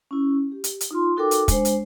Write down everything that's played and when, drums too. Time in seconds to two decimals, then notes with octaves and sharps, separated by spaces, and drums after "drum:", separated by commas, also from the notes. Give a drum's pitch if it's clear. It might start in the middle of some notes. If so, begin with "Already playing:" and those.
0.11 C#4 E4
0.52 G4
0.64 drum: hi-hat
0.81 drum: hi-hat
0.91 D#4 F4 C6
1.17 D#4 F#4 A4 A#4 G5 D6
1.31 drum: hi-hat
1.48 G#3 D4 C5, drum: kick, hi-hat
1.65 drum: hi-hat